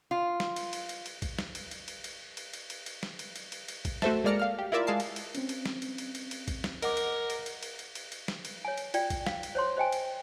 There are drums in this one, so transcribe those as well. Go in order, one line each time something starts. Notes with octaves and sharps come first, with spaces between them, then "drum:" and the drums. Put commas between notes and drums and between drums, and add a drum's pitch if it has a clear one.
F4
drum: snare
drum: cymbal
drum: cymbal
drum: cymbal
drum: cymbal
drum: kick, cymbal
drum: snare
drum: cymbal
drum: cymbal
drum: cymbal
drum: cymbal
drum: cymbal
drum: cymbal
drum: cymbal
drum: cymbal
drum: snare
drum: cymbal
drum: cymbal
drum: cymbal
drum: cymbal
drum: kick, cymbal
A3 F#4 A4 C5 E5 A5, drum: snare
G#3 A#3 D5 F6 A#6 C#7
F5 F6
G4
E4 F4 A#4 D5 E5
G#3 F5 A5 C7
drum: cymbal
drum: cymbal
C4 C#4, drum: cymbal
drum: cymbal
drum: snare
drum: cymbal
drum: cymbal
drum: cymbal
drum: cymbal
drum: kick, cymbal
drum: snare
A#4 D#5 F#5 D6, drum: cymbal
drum: cymbal
drum: cymbal
drum: cymbal
drum: cymbal
drum: cymbal
drum: cymbal
drum: cymbal
drum: snare
drum: cymbal
C#5 G#5
drum: cymbal
F4 D5 G5, drum: cymbal
drum: kick, cymbal
F5, drum: snare
drum: cymbal
C5 C#5 C6
C5 D#5 G5 G#5
drum: cymbal